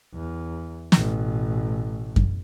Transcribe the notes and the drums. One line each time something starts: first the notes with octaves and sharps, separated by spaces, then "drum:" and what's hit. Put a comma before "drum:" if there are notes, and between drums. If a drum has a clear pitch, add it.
E2
A1 B2, drum: snare
drum: kick F#2